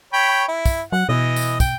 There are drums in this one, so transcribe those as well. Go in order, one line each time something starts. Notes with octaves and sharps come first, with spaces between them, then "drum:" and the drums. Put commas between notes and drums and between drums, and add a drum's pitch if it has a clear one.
C#5 G5 B5
E4
drum: kick, tambourine
F#3 F#5
B2 E3 D#5
drum: tambourine
G5, drum: kick, tambourine